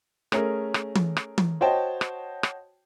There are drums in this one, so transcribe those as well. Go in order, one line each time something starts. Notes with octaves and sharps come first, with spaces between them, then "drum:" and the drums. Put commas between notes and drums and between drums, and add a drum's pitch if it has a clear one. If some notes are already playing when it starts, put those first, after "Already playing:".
A3 C#4 G#4 A#4, drum: rim click
drum: rim click
drum: tom E3
drum: rim click
drum: tom E3
F#4 C5 C#5 D#5 G5 A5
drum: rim click
drum: rim click